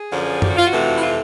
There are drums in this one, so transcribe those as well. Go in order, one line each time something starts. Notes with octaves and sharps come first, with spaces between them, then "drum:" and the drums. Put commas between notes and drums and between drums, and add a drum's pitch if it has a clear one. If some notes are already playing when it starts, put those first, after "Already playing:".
Already playing: G#4
F#2 D3 F3
G4, drum: tom F#2
F#4
F4
F#4
F2 C3 E3 A3
E4
F4